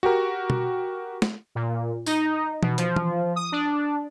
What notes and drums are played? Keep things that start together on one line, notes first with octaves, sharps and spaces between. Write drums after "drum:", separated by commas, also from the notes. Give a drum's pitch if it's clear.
F#4 G4 A#4
drum: tom B2
drum: snare
A#2
D#4, drum: tambourine
B2, drum: tom E3
F3, drum: hi-hat
drum: tom E3
D#6
D4